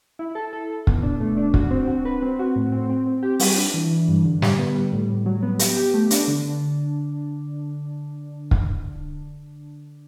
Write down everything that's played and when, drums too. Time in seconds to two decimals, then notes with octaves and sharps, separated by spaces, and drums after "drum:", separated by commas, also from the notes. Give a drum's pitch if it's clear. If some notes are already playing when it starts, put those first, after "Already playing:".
0.19 E4
0.35 A4
0.53 A4
0.70 A4
0.87 B2, drum: kick
1.03 D4
1.20 A3
1.37 D4
1.54 F#4, drum: kick
1.71 C4
1.88 F#4
2.05 B4
2.22 C4
2.39 F#4
2.56 A2
2.72 C4
2.89 C4
3.07 C4
3.23 G4
3.40 G3, drum: open hi-hat
3.57 D4
3.74 E3
3.91 E3
4.08 G2
4.24 D3
4.42 G3, drum: snare
4.58 B3
4.75 G3
4.93 A2
5.09 A2
5.26 F#3
5.43 B3
5.59 G4, drum: hi-hat
5.77 G4
5.94 A3
6.11 D4, drum: hi-hat
6.28 D3
8.51 drum: kick